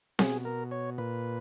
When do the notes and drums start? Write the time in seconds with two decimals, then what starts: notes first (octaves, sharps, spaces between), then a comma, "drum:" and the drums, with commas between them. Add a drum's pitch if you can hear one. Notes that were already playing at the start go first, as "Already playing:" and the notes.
0.19 B2 G#4, drum: snare C4
0.45 A#4
0.71 C#5
0.98 A#2 B4